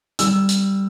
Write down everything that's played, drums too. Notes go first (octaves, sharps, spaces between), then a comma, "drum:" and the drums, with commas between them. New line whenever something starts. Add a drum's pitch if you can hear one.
G3 E6, drum: hi-hat
drum: hi-hat